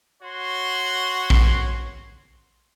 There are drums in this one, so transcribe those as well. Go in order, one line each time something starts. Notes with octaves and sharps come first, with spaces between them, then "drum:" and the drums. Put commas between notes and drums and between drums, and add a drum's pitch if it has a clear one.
F#4 C#5 C6
drum: kick A#1